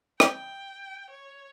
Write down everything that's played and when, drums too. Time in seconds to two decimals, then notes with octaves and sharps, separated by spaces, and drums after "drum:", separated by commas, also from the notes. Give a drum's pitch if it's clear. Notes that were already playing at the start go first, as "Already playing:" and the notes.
0.20 G5, drum: rim click
1.10 C#5